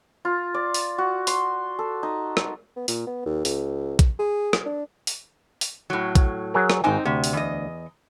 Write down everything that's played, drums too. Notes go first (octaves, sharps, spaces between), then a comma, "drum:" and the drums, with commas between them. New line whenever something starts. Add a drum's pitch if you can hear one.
F4
D5
drum: open hi-hat
F#4
C6, drum: open hi-hat
A4
D#4
drum: rim click
B3
A#2, drum: open hi-hat
B3
D#2
C#2, drum: open hi-hat
drum: kick A#1, hi-hat
G#4
drum: rim click
D4
drum: open hi-hat
drum: open hi-hat
A2 F#3
drum: kick A#1, hi-hat
F#3 G#4 A#4
drum: rim click
G#1 G#2 C4 D#4 G#5
D2 C3
drum: open hi-hat
E2 D#5